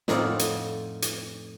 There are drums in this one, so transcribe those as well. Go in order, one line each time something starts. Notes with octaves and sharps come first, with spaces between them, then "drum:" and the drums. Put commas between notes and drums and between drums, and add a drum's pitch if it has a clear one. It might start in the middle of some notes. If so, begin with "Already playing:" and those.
F2 A2 D#4 F4 D5 F#5, drum: snare
drum: hi-hat
drum: hi-hat